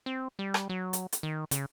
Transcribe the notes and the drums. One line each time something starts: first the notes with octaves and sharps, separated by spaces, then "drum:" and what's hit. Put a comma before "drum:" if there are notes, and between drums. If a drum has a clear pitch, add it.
C4
G3
drum: rim click
F#3
drum: hi-hat
drum: hi-hat
D#3
C#3, drum: hi-hat